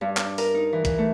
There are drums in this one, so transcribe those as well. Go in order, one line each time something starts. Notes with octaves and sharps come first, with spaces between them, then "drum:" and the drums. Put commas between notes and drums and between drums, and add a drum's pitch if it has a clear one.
G2
D4, drum: clap
A#4, drum: open hi-hat
D#4
E3
E3, drum: kick, hi-hat
A3